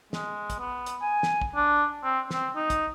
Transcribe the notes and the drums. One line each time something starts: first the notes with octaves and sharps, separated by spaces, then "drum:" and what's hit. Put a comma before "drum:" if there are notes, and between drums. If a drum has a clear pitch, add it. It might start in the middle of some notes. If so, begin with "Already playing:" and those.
G#3, drum: snare
drum: kick, hi-hat
B3
drum: hi-hat
G#5
drum: snare
drum: kick
D4
C4
C4, drum: snare
D#4
drum: kick, hi-hat